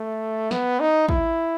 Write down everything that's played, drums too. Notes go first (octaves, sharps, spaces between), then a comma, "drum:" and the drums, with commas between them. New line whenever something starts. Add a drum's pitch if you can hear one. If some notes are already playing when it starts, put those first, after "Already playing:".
Already playing: A3
B3, drum: snare
D#4
E4, drum: kick